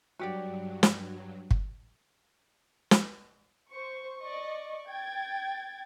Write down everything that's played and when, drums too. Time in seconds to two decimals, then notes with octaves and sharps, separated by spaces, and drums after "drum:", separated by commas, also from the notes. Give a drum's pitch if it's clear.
0.19 G2 F#3 F#4 G4 D5
0.83 drum: snare
1.51 drum: kick
2.91 drum: snare
3.70 C5 C#6
4.21 D5 D#5 C#6
4.88 G5 G#6 A6